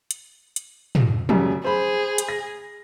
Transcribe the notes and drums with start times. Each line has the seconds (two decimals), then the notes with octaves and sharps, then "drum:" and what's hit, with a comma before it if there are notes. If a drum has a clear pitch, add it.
0.11 drum: hi-hat
0.56 drum: hi-hat
0.95 drum: tom
1.29 F#2 C#3 G3, drum: tom
1.64 G#4 C5 B5
2.18 drum: hi-hat
2.29 A#6